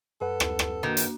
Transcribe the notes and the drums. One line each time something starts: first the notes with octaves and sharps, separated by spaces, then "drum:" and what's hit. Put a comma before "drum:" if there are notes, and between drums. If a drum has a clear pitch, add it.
F#2 A4 B4 F#5
drum: rim click
drum: rim click
D#3 A#3 D4 F#4
drum: hi-hat